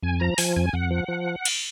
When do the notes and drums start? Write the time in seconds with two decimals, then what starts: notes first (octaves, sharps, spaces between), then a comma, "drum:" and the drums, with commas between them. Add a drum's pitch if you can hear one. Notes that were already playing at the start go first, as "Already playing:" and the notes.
0.03 F2 G#5
0.20 F3 A#5
0.38 F3 G#5, drum: open hi-hat
0.56 F2 G#5
0.73 F2 F#5
0.91 F3
1.08 F3
1.45 drum: cymbal